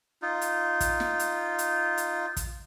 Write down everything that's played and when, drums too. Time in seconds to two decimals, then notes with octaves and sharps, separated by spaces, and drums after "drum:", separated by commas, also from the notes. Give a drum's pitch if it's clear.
0.22 D#4 F4
0.41 drum: hi-hat
0.80 drum: kick, hi-hat
1.00 drum: snare
1.19 drum: hi-hat
1.59 drum: hi-hat
1.98 drum: hi-hat
2.37 drum: kick, hi-hat